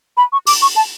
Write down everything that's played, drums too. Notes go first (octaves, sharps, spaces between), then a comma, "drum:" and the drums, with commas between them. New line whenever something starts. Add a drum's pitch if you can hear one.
B5
C#6
D6, drum: open hi-hat
C#6
A5